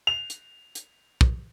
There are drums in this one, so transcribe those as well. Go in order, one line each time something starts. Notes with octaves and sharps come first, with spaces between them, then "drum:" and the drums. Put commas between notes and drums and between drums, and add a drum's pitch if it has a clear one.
F7
drum: hi-hat
drum: hi-hat
drum: kick